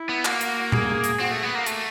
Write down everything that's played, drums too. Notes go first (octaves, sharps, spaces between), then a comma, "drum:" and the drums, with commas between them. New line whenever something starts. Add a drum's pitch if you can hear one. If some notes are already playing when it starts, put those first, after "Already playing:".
Already playing: E4
B3
A#3 F#4, drum: clap
drum: hi-hat
G#4, drum: tom A#2
drum: hi-hat
C4 F#4
A3
B3
A#3
A3, drum: hi-hat